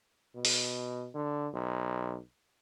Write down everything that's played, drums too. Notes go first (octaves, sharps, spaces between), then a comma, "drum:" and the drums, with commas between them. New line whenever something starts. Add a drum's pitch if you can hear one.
B2
drum: open hi-hat
D3
B1